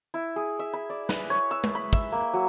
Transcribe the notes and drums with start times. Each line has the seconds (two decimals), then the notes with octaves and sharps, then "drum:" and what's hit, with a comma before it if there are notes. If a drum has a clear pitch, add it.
0.14 E4
0.36 G#4
0.59 E5
0.73 B5
0.90 D5
1.09 B4, drum: snare
1.30 C#5
1.51 E6
1.64 drum: tom
1.75 B5
1.93 E5, drum: kick
2.12 A#3
2.33 F#3